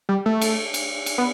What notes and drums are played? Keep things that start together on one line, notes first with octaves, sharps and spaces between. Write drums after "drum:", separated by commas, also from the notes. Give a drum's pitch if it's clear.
G3
A3
drum: cymbal
drum: cymbal
drum: cymbal
B3